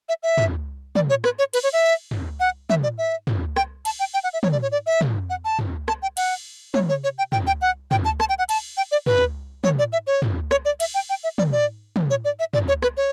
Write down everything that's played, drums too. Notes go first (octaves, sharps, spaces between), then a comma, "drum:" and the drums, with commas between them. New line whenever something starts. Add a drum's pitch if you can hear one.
E5
E5
drum: tom
D5, drum: tom
C#5
B4, drum: rim click
C#5
B4, drum: cymbal
C#5
E5
drum: tom
F#5
E5, drum: tom
D5
E5
drum: tom
G5, drum: rim click
A5, drum: cymbal
G5
G5
F#5
E5
C#5, drum: tom
D5
C#5
D5
E5
drum: tom
F#5
A5
drum: tom
A5, drum: rim click
G5
F#5, drum: cymbal
C#5, drum: tom
C#5
C#5
G5
G5, drum: tom
G5
F#5
G5, drum: tom
A5
A5, drum: rim click
G5
F#5
A5, drum: cymbal
G5
D5
B4, drum: tom
C#5, drum: tom
D5
E5
C#5
drum: tom
C#5, drum: rim click
D5
E5, drum: cymbal
G5
G5
E5
D5, drum: tom
D5
drum: tom
C#5
D5
E5
D5, drum: tom
C#5
B4, drum: rim click
C#5